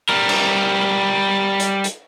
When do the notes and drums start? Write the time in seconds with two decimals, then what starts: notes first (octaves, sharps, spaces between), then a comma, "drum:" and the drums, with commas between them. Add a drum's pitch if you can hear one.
0.09 G3 A#4
0.29 drum: cymbal
1.60 drum: hi-hat
1.84 drum: hi-hat